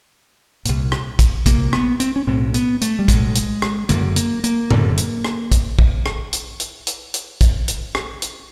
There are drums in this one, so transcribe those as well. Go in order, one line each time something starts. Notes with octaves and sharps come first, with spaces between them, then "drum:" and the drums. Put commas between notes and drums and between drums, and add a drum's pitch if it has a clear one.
C2 A#2, drum: hi-hat
drum: rim click
drum: kick, hi-hat
C2 A#2 A#3, drum: kick, hi-hat
B3, drum: rim click
C4, drum: hi-hat
C#4
B1 A2 C4
B3, drum: hi-hat
A3, drum: hi-hat
G3
B1 A2 G#3, drum: kick, hi-hat
drum: hi-hat
drum: rim click
F#1 F#2 D3 A#3, drum: hi-hat
A#3, drum: hi-hat
A#3, drum: hi-hat
F#1 F#2 D3, drum: tom A2
drum: hi-hat
drum: rim click
drum: kick, hi-hat
drum: kick
drum: rim click
drum: hi-hat
drum: hi-hat
drum: hi-hat
drum: hi-hat
drum: kick, hi-hat
drum: hi-hat
drum: rim click
drum: hi-hat